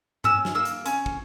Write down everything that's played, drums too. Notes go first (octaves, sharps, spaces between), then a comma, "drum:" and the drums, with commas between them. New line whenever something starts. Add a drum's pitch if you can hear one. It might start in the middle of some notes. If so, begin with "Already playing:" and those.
C#4 E6, drum: tom G2
drum: snare
A#3 E6
drum: hi-hat
C#4, drum: hi-hat
drum: kick